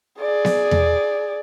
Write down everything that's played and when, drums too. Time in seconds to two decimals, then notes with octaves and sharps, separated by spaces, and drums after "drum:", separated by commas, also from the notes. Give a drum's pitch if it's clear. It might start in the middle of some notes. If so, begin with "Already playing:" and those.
0.20 G#4 D5
0.45 drum: snare B3
0.71 drum: tom E2